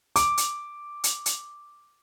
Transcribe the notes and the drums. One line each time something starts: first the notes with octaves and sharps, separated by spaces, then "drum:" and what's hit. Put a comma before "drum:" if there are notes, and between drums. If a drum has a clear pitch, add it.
D6, drum: hi-hat
drum: hi-hat
drum: hi-hat
drum: hi-hat